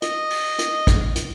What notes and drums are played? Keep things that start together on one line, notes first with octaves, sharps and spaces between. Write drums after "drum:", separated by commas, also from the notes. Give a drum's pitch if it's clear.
D#5, drum: hi-hat
drum: open hi-hat
drum: hi-hat
drum: kick, hi-hat
drum: hi-hat